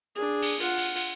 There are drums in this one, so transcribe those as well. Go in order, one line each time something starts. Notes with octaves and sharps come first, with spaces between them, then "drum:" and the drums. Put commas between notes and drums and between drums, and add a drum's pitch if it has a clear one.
D4 G#4
drum: cymbal
F4 F#5, drum: cymbal
drum: cymbal
drum: cymbal